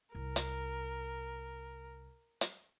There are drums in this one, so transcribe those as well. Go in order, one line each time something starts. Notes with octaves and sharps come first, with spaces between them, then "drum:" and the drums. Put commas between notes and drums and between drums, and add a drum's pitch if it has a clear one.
C2 A#4
drum: hi-hat
drum: hi-hat